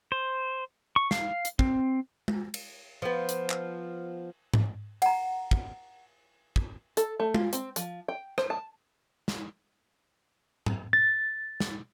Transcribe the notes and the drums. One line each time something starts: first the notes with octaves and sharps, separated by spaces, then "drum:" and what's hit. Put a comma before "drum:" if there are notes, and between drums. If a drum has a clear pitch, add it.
C5
C#6
F5, drum: snare
drum: hi-hat
C4, drum: kick
drum: tom G#3
drum: cymbal
F3 B3
drum: hi-hat
drum: clap
drum: tom G#2
F#5 A#5, drum: cymbal
drum: kick
drum: kick
A4, drum: hi-hat
A3
F4, drum: tom G#3
C4, drum: hi-hat
F3, drum: hi-hat
G5
C5, drum: rim click
A5
drum: snare
drum: tom G#2
A6
drum: snare